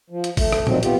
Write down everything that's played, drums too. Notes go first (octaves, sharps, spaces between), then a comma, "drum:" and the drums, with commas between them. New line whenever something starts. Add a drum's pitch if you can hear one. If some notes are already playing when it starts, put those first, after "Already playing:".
F3
drum: hi-hat
A3, drum: kick G#1, open hi-hat
drum: rim click
A#2 D#3 F3 F#3 C4, drum: tom A2
B3 F4 G4, drum: hi-hat